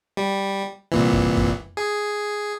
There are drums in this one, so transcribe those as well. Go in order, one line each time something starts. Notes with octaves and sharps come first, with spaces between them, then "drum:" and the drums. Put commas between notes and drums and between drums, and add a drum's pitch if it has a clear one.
G3
C2 A#2 E3
drum: kick F#2
drum: kick F#2
G#4